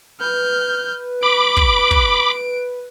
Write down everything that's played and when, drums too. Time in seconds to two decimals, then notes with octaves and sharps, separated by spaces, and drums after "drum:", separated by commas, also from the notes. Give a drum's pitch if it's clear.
0.20 B4 F6 G6
1.23 B5 D6 D7
1.57 drum: kick
1.91 drum: kick